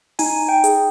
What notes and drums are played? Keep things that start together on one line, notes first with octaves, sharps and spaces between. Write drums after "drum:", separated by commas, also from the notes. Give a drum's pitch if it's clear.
D#4 G#5, drum: open hi-hat
G5
G#4, drum: hi-hat